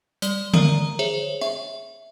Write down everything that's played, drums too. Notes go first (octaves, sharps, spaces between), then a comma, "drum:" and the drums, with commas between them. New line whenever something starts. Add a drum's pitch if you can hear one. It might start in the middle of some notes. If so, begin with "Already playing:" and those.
G3 D5, drum: hi-hat
A#4 D5 A#5 D#6, drum: tom D3
G#4 C5 C#5 E5
E5, drum: rim click